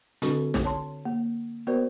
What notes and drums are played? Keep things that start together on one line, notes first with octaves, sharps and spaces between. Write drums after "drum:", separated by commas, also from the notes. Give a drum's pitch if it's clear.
D3 G3 C4 D4 F#4 A4, drum: hi-hat
drum: snare
C#5 A5 C6
A#3
B3 F#4 A#4 C5 D5